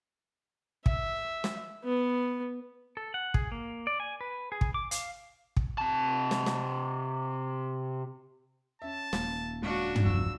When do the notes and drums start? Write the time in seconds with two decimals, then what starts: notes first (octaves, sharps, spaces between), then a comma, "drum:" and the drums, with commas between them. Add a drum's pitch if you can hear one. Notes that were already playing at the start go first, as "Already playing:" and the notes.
0.86 E5, drum: kick
1.44 drum: snare
1.84 B3
2.97 A4
3.14 F#5
3.34 G#4, drum: kick
3.52 A#3
3.87 D5
4.00 G#5
4.21 B4
4.52 G#4
4.61 drum: kick
4.74 D6
4.91 F5, drum: hi-hat
5.57 drum: kick
5.78 C3 A5
6.31 drum: snare
6.46 drum: snare
8.82 C#4 E5 A5
9.13 D#1 A#3, drum: snare
9.62 C#2 D4 F#4 F5
9.96 drum: tom
10.05 E1 C2 F3 E6